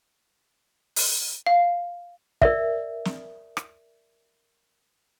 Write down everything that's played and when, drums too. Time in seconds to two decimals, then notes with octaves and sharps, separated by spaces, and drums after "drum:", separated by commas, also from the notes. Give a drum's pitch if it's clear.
0.96 drum: open hi-hat
1.47 F5
2.42 A#4 D5 E5, drum: kick
3.05 drum: snare
3.57 drum: rim click